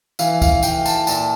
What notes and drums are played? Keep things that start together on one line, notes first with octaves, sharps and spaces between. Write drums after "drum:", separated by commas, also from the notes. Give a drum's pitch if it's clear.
E3 F5, drum: tambourine
F5, drum: kick, tambourine
E3 G5, drum: tambourine
A5, drum: tambourine
A#2 A5, drum: tambourine